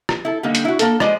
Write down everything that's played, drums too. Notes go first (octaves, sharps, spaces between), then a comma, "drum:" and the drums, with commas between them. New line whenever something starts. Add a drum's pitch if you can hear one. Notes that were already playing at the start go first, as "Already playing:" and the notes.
drum: rim click
E4 A4
D3 G3 A#3 D#4
drum: hi-hat
E4 F#4
A#3 A4, drum: hi-hat
G#3 C5 D5 D#5, drum: rim click